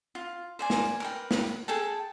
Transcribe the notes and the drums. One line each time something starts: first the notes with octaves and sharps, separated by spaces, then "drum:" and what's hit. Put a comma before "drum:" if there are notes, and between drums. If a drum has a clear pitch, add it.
F4
C5 D5 G#5
drum: snare
drum: tambourine
A#4 B4 G5
drum: snare
drum: tambourine
G#4 A4 G5 A5